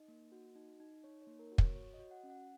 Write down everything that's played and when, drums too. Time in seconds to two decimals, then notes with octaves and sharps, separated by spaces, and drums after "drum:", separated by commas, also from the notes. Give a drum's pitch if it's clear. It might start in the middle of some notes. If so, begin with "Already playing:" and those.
Already playing: D#4 D#5
0.08 A#3
0.32 F#4
0.55 D#4
0.80 D#4
1.04 D#4 C#5
1.22 C#5
1.27 A#3
1.39 A#4
1.52 F#4
1.58 C#5, drum: kick
1.75 F#4 C#5
1.94 D#5
1.99 F#4
2.11 F#5
2.24 C#4
2.30 F#5